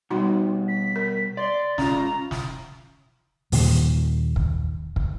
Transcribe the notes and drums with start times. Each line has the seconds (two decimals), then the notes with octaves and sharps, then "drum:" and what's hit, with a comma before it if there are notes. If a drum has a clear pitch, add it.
0.10 B2 G3 D#4 F#4 C6
0.68 B6
0.96 A#4
1.37 D5 C6
1.78 C#4 F4 A#5, drum: snare
2.31 drum: snare
3.52 D#2 A#2 D#3, drum: open hi-hat
4.36 drum: kick
4.96 drum: kick